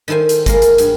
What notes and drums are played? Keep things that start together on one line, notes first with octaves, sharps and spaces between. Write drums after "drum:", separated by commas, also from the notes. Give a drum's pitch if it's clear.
D#3 E4 A4 C5 G#5
drum: hi-hat
G#3 A#3 A#4, drum: kick G#1, hi-hat
drum: hi-hat
G2, drum: hi-hat